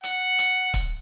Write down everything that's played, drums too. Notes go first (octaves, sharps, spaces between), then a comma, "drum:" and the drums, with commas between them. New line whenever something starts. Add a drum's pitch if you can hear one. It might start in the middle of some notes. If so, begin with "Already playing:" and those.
F#5, drum: hi-hat
drum: hi-hat
drum: kick, hi-hat